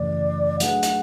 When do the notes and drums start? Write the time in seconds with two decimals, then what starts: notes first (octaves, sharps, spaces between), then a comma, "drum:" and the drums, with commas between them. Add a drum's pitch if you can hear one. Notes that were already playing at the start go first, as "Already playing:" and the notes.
Already playing: F#2 C#3 E3 A3 D5
0.60 F#3 A3 D4 G#4 B4 F#5, drum: hi-hat
0.83 drum: hi-hat